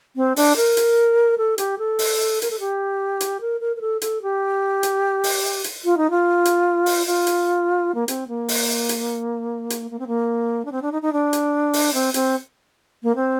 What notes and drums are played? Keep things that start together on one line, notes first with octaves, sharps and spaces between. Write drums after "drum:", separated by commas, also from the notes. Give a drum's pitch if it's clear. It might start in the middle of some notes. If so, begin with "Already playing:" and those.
C4
D4, drum: open hi-hat
A#4
drum: hi-hat
A4
G4, drum: hi-hat
A4
drum: open hi-hat
A#4, drum: hi-hat
A4
G4
drum: hi-hat
A#4
A#4
A#4
A4
A4, drum: hi-hat
G4
drum: hi-hat
drum: open hi-hat
drum: hi-hat
F4
D#4
F4
drum: hi-hat
drum: open hi-hat
F4
drum: hi-hat
A#3
C4, drum: hi-hat
A#3
drum: open hi-hat
drum: hi-hat
drum: hi-hat
A#3
C4
A#3
D4
C4
D4
D#4
D#4
D4
drum: hi-hat
drum: open hi-hat
C4
C4, drum: hi-hat
A#3
C4